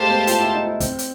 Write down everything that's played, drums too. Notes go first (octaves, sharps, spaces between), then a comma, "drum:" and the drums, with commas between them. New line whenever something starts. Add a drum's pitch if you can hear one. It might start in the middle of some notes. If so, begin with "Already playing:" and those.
Already playing: G#3 A3 G4 C5 F5 A5
B3
F4, drum: hi-hat
E4
D#4
E4
C4, drum: kick, hi-hat
drum: hi-hat